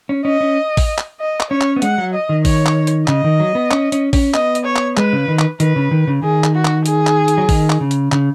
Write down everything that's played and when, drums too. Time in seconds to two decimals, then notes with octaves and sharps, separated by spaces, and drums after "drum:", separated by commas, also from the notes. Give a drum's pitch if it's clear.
0.09 C#4
0.25 C#4 D#5
0.41 C#4
0.77 drum: kick A1, open hi-hat
0.98 drum: clap
1.20 D#5
1.40 drum: clap
1.50 C#4 C#5
1.61 drum: clap
1.76 B3
1.82 G#3 F#5, drum: hi-hat
1.98 F#3
2.14 D#5
2.29 D#3
2.45 C#5, drum: kick A1, open hi-hat
2.66 drum: clap
2.87 drum: hi-hat
3.08 C#3 D#5, drum: clap
3.24 D#3
3.40 F#3
3.55 B3
3.71 C#4, drum: clap
3.92 C#4, drum: hi-hat
4.13 C#4, drum: kick A1, open hi-hat
4.34 B3 D#5, drum: clap
4.55 drum: hi-hat
4.65 C#5
4.76 drum: clap
4.97 G#3 B4, drum: clap
5.13 C#3
5.28 D#3
5.39 drum: clap
5.60 D#3 B4, drum: hi-hat
5.76 C#3
5.91 D#3
6.07 C#3
6.23 D#3 G#4
6.44 drum: clap
6.55 F#4
6.65 drum: clap
6.86 G#4, drum: hi-hat
7.07 drum: clap
7.28 drum: hi-hat
7.38 F#3
7.49 D#3, drum: kick A1, open hi-hat
7.70 drum: clap
7.81 C#3
7.91 drum: hi-hat
8.12 C#3, drum: clap